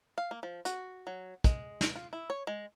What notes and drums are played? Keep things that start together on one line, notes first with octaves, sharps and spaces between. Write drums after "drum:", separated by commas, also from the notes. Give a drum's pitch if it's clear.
F5
A#3
F3
F#4, drum: hi-hat
F#3
G#3, drum: kick, hi-hat
drum: snare
F4
E4
C#5
G#3